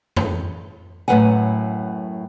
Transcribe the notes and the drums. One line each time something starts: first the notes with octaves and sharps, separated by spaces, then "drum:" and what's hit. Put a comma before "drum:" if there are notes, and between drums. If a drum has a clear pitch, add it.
drum: tom F2
F#2 A2 G3 B4 F#5 G#5